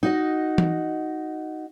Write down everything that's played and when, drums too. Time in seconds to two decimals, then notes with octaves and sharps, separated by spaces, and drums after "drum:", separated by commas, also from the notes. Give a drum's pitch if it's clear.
0.03 D#4 F#4 D#5
0.58 drum: tom E3